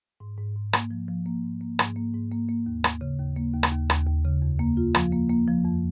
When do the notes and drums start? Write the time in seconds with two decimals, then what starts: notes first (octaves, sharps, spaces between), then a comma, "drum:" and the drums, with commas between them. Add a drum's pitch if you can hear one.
0.20 G#2
0.38 G#2
0.56 G#2
0.73 A#3, drum: rim click
0.91 F3
1.09 F3
1.26 A#3
1.43 G#2
1.61 A#3
1.79 G#2, drum: rim click
1.96 A#3
2.14 G#2
2.31 A#3
2.49 A#3
2.66 D#2
2.84 D#2, drum: rim click
3.01 C#3
3.19 D#2
3.37 A#3
3.54 D#2
3.63 drum: rim click
3.72 D#2
3.90 D#2, drum: rim click
4.07 D#2
4.25 C#3
4.42 F2
4.59 A#3
4.77 F4
4.95 F3, drum: rim click
5.12 A#3
5.30 A#3
5.48 F3
5.65 F2